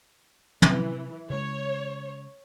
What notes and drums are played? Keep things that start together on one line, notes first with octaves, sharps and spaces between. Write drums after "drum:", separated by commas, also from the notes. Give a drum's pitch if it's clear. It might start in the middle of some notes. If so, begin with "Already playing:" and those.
C3 E3, drum: tom
C#3 G#3 C#5